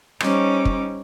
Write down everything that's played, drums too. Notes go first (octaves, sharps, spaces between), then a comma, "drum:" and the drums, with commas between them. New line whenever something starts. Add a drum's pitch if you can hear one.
G3 C#4 D#4 C5 C#5 D6, drum: rim click
drum: kick